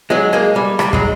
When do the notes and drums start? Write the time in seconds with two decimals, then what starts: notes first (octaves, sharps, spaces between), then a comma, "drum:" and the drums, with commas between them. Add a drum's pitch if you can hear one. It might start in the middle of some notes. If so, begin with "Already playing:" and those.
0.10 F#3 G#3
0.33 G#3 A#3
0.56 G3
0.79 G3, drum: rim click
0.93 F#3 G#3, drum: kick